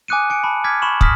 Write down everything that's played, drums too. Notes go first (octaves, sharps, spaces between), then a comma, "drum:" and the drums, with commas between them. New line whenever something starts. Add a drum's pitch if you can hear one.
G#5 D6 D#6 F#6 C#7 D#7
G#5 C#7 D7
A5 B5
D6 F6 G#6 A6 B6
B5 C#6 E7 F#7
D#6 F6 A#6 B6, drum: kick